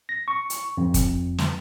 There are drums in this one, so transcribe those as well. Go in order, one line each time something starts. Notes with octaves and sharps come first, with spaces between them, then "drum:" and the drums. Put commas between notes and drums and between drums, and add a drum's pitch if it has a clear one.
A#6
C#6
drum: hi-hat
F2
drum: kick, hi-hat
drum: snare